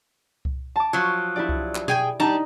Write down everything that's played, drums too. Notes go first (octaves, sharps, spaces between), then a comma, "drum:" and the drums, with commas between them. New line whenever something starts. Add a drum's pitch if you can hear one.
drum: kick C2
A5 D6
F3 F#3
E4 G4 D5
drum: kick C2
drum: clap
G#4 G5 G#5, drum: tom B2
G3 D#4 A5